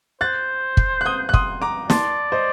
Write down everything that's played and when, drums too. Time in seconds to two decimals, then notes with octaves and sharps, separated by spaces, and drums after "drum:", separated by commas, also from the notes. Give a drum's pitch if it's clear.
0.21 C5 F#6 A6
0.77 drum: kick
1.01 F#6
1.05 D#6 G6
1.29 F#6
1.33 C6 D#6, drum: kick
1.62 A#5 D6
1.90 D5 A5 C6, drum: snare
2.32 C5 D#5